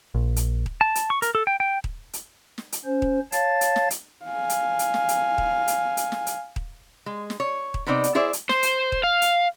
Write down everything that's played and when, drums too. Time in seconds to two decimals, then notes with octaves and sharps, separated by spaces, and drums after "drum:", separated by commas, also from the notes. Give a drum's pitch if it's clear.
0.15 A#1
0.36 drum: hi-hat
0.66 drum: kick D#1
0.81 A5
0.95 drum: hi-hat
1.10 C#6
1.22 A#4, drum: hi-hat
1.35 A4
1.47 G5
1.60 G5
1.84 drum: kick D#1
2.13 drum: hi-hat
2.58 drum: snare
2.72 drum: hi-hat
2.85 C#4 C5
3.02 drum: kick D#1
3.32 C#5 F5 A5 A6, drum: hi-hat
3.61 drum: hi-hat
3.76 drum: snare
3.90 drum: hi-hat
4.26 F5 G#5
4.50 drum: hi-hat
4.79 drum: hi-hat
4.94 drum: snare
5.09 drum: hi-hat
5.38 drum: kick D#1
5.68 drum: hi-hat
5.97 drum: hi-hat
6.12 drum: snare
6.27 drum: hi-hat
6.56 drum: kick D#1
7.06 G#3
7.30 drum: snare
7.40 C#5
7.74 drum: kick D#1
7.87 C3 B3 C4 D#4 D5
8.04 drum: hi-hat
8.15 E4 G#4 C5 D5 E5
8.33 drum: hi-hat
8.49 C5, drum: snare
8.63 drum: hi-hat
8.92 drum: kick D#1
9.04 F5
9.22 drum: hi-hat